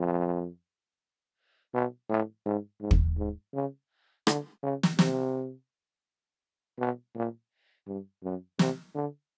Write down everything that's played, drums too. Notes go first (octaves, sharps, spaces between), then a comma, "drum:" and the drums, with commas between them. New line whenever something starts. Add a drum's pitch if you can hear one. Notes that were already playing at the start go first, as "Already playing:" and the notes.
Already playing: F2
B2
A2
G#2
G#2
drum: kick
G#2
C#3
D3, drum: rim click
C#3
drum: snare
C3, drum: snare
B2
A#2
G2
F#2
C3, drum: snare
D3